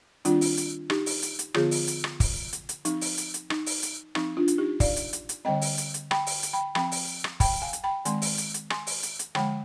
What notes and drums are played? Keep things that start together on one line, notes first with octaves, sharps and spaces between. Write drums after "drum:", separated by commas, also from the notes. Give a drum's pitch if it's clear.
D#3 G3 C4 D4 F4, drum: hi-hat
drum: open hi-hat
drum: hi-hat
D#4 G4, drum: rim click
drum: open hi-hat
drum: hi-hat
drum: hi-hat
D3 F3 B3 F4 G#4, drum: rim click
drum: open hi-hat
drum: hi-hat
drum: rim click
drum: kick, open hi-hat
drum: hi-hat
drum: hi-hat
F3 C4 D#4, drum: hi-hat
drum: open hi-hat
drum: hi-hat
drum: hi-hat
D#4, drum: rim click
drum: open hi-hat
drum: hi-hat
F3 C4 D#4, drum: rim click
D4 F4
drum: hi-hat
D#4 G4
D5 F5, drum: kick, open hi-hat
drum: hi-hat
drum: hi-hat
drum: hi-hat
D3 G3 C4 D#5 G5
drum: open hi-hat
drum: hi-hat
drum: hi-hat
G5 B5, drum: rim click
drum: open hi-hat
drum: hi-hat
G5 B5
F3 C4 G5 B5, drum: rim click
drum: open hi-hat
drum: rim click
G5 B5, drum: kick, open hi-hat
F5 G#5
drum: hi-hat
G5 B5
D#3 G#3 C4 G#5 C6, drum: hi-hat
drum: open hi-hat
drum: hi-hat
drum: hi-hat
G#5 C6, drum: rim click
drum: open hi-hat
drum: hi-hat
drum: hi-hat
D3 F3 G#3 G5 B5, drum: rim click